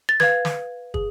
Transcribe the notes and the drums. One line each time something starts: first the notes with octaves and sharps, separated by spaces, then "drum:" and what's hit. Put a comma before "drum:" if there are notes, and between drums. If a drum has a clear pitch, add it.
A6
B4 F5 G#6, drum: snare
drum: snare
G#4, drum: kick